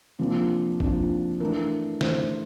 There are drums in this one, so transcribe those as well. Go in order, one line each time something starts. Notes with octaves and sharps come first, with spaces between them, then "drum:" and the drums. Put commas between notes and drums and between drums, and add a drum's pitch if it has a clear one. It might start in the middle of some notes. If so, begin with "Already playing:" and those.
C3 F3 A#3 D4
C3 F3 A#3 D4, drum: kick
E3 A3 D4 A#4
E3 A3 D4 C5, drum: snare